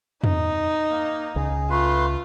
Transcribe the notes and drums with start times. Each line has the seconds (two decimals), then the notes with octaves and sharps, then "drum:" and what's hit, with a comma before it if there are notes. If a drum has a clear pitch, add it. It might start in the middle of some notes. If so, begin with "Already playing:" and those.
0.24 D#4, drum: tom
0.90 A#3
1.36 C#2 G#4
1.70 A3 F4 B4 C6